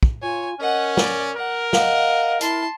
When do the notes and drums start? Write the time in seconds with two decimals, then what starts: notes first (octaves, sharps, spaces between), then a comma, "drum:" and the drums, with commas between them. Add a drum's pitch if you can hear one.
0.03 drum: kick
0.22 F4 C#5 G#5
0.60 C#4 A#4 D#5 F#5
0.97 D5, drum: snare
1.37 A#4 F#5
1.73 D#5 F5 F#5, drum: snare
2.41 E4 A5 C6, drum: hi-hat